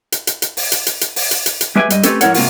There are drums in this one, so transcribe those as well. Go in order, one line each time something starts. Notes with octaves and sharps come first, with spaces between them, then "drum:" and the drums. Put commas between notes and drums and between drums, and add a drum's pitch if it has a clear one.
drum: hi-hat
drum: hi-hat
drum: hi-hat
drum: open hi-hat
drum: hi-hat
drum: hi-hat
drum: hi-hat
drum: open hi-hat
drum: hi-hat
drum: hi-hat
drum: hi-hat
G#3 G4 B4 E5 G5 G#5
G2 D#5, drum: hi-hat
A3 C4 C#4 G4 A4 B4, drum: hi-hat
G#2 F3 E4 A#4 C#5 F#5, drum: hi-hat
G#2 C3 A#3 F4 F#4, drum: open hi-hat